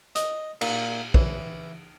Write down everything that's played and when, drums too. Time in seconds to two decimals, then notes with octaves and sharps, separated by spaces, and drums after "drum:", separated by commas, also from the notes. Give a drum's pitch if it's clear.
0.15 D#5, drum: hi-hat
0.61 A#2, drum: cymbal
1.14 E3, drum: kick